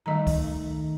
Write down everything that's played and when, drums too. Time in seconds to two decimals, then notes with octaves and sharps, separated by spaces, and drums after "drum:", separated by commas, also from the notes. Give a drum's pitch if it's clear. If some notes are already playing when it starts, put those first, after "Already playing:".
0.06 D#3 G3 A3 D#5 A#5
0.27 drum: kick, open hi-hat